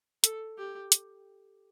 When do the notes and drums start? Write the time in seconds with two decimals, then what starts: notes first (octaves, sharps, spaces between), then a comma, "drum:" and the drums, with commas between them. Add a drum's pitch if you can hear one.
0.24 A4, drum: hi-hat
0.57 G4
0.92 drum: hi-hat